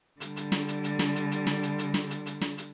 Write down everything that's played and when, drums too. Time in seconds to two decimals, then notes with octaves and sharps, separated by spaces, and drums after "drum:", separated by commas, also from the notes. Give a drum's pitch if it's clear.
0.20 D3 G3, drum: hi-hat
0.36 drum: hi-hat
0.52 drum: snare
0.68 drum: hi-hat
0.84 drum: hi-hat
0.99 drum: snare
1.15 drum: hi-hat
1.31 drum: hi-hat
1.47 drum: snare
1.63 drum: hi-hat
1.78 drum: hi-hat
1.94 drum: snare
2.10 drum: hi-hat
2.26 drum: hi-hat
2.42 drum: snare
2.57 drum: hi-hat